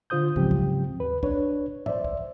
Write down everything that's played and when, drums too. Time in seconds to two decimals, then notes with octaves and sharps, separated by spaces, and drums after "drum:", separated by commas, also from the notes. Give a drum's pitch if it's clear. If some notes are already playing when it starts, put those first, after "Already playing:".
0.10 D3 F4 C5 D#6 G6
0.36 G#2 C#3 F3 F#3 C4 G4, drum: kick
0.51 drum: kick
0.99 D#2 B4
1.23 D4 B4 C#5, drum: kick
1.86 C5 D5 E5, drum: tom G#2
2.04 drum: kick